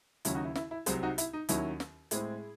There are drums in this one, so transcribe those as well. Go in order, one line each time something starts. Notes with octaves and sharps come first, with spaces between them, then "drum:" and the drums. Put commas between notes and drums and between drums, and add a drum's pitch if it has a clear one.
D#2 C#3 F#3 C#4 E4, drum: hi-hat
D#4 F#4
E4
E4, drum: snare
E4
C2 C3 F#3 G#4 C5, drum: hi-hat
D#4 F#4
E4, drum: hi-hat
D#4
D#2 D#3 F#3 C#4 E4, drum: hi-hat
drum: snare
A2 G#3 C4 E4 G#4, drum: hi-hat